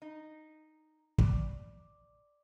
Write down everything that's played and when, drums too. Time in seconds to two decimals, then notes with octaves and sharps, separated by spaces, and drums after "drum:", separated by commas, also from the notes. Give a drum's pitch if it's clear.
0.02 D#4
1.18 D5, drum: kick